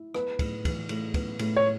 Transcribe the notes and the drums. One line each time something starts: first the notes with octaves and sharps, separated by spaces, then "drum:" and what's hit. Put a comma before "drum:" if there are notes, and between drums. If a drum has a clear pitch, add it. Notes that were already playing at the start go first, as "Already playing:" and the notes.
Already playing: E4
B3 B4, drum: rim click
A2, drum: kick, cymbal
E3, drum: kick, cymbal
A2, drum: cymbal
B3, drum: kick, cymbal
A2, drum: cymbal
C#5